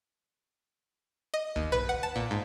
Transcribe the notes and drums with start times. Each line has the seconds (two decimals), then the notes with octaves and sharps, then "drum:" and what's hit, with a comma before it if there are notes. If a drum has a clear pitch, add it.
1.34 D#5
1.56 D#2, drum: kick
1.72 B4, drum: tom
1.89 F#5
2.03 A5
2.16 A#2
2.31 G#2